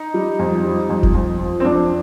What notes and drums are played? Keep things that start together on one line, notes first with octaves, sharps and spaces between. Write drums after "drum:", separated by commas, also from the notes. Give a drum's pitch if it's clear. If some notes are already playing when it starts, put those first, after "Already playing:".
Already playing: D#4
G3
F2
G3
F2
drum: kick F1
F2
F3
C4
F2 D4